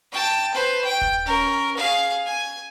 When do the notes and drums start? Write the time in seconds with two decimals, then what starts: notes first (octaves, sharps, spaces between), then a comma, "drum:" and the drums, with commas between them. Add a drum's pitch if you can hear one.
0.12 G5 A5
0.54 B4 C5
0.85 G5
1.01 drum: kick D#1
1.25 C#4 A#4
1.77 G#4 F5
2.26 G#5